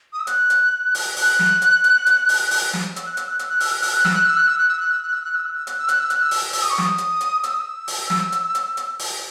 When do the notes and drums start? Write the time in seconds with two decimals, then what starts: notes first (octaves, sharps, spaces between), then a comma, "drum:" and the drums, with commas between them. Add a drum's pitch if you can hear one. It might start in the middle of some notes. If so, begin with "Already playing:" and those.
0.13 D#6
0.20 E6
0.27 F#6, drum: hi-hat
0.50 drum: hi-hat
0.95 drum: open hi-hat
1.16 F#6, drum: open hi-hat
1.39 drum: snare
1.62 drum: hi-hat
1.84 drum: hi-hat
2.06 drum: hi-hat
2.29 drum: open hi-hat
2.51 drum: open hi-hat
2.73 drum: snare
2.96 E6, drum: hi-hat
3.06 F#6
3.17 E6, drum: hi-hat
3.28 F#6
3.39 E6, drum: hi-hat
3.49 F#6
3.60 E6, drum: open hi-hat
3.72 F#6
3.83 E6, drum: open hi-hat
3.94 F#6
4.05 E6, drum: snare
4.15 F#6
4.25 E6
4.37 F#6
4.48 E6
4.59 F#6
4.69 E6
4.80 F#6
4.91 E6
5.02 F#6
5.13 E6
5.24 F#6
5.35 E6
5.45 F#6
5.56 E6
5.67 F#6, drum: hi-hat
5.78 E6
5.89 F#6, drum: hi-hat
6.00 E6
6.10 F#6, drum: hi-hat
6.21 E6
6.31 drum: open hi-hat
6.53 E6, drum: open hi-hat
6.62 D#6
6.70 C#6
6.78 D#6, drum: snare
6.98 drum: hi-hat
7.21 drum: hi-hat
7.43 E6, drum: hi-hat
7.50 D#6
7.59 E6
7.88 drum: open hi-hat
8.10 drum: snare
8.32 drum: hi-hat
8.55 drum: hi-hat
8.77 drum: hi-hat
8.99 drum: open hi-hat